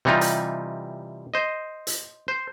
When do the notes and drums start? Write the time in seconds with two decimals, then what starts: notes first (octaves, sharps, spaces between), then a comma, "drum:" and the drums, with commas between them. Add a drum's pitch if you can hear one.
0.05 C3 E3 G3 D#4 F4
0.21 drum: hi-hat
1.34 C5 D#5
1.87 drum: hi-hat
2.28 C5